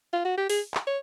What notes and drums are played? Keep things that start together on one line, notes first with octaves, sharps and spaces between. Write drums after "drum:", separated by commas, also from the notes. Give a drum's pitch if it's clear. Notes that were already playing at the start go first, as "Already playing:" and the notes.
F4
F#4
G4
G#4, drum: open hi-hat
drum: clap
C#5